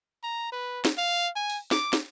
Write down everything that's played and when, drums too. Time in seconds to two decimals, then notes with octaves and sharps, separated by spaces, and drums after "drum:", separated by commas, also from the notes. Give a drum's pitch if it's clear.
0.23 A#5
0.52 B4
0.85 drum: snare
0.97 F5
1.35 G#5
1.50 drum: open hi-hat
1.71 D6, drum: snare
1.93 drum: snare